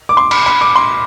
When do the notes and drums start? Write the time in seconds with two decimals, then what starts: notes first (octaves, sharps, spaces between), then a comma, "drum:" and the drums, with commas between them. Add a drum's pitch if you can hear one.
0.09 D6
0.17 C6
0.31 B5, drum: cymbal
0.46 B5
0.61 D6
0.76 C6